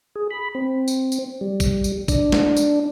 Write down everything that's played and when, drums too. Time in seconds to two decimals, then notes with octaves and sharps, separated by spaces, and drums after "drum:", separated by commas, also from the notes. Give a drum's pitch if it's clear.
0.16 G#4
0.31 B5
0.55 C4
0.88 drum: tambourine
1.12 drum: tambourine
1.41 G3
1.60 drum: kick, tambourine
1.84 drum: tambourine
2.08 D4, drum: kick, tambourine
2.32 drum: snare
2.57 drum: tambourine